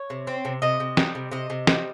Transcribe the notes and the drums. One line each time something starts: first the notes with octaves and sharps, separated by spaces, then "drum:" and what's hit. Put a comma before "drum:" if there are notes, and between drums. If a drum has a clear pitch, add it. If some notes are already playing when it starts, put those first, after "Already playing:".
Already playing: C#5
C3
C4
C3
C3 D#5
C3
G3, drum: snare
C3
C3 D#5
C3
G3, drum: snare